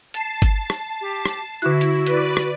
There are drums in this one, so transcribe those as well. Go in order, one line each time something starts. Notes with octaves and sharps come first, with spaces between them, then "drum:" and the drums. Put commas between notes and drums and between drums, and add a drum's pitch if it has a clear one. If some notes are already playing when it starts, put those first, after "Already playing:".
A5 C7, drum: hi-hat
drum: kick G1, hi-hat
drum: rim click
G4
drum: rim click
D3 E4 F#4 F#6
drum: hi-hat
B4 D5, drum: hi-hat
drum: rim click